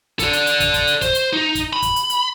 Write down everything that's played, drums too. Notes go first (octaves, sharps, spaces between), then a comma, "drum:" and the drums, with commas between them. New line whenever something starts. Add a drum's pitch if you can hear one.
A4 D5, drum: kick, hi-hat
drum: hi-hat
drum: hi-hat
drum: kick, hi-hat
drum: kick, hi-hat
drum: hi-hat
C5, drum: kick, hi-hat
drum: hi-hat
D#4
drum: kick, hi-hat
B5
drum: kick, hi-hat
drum: hi-hat
drum: hi-hat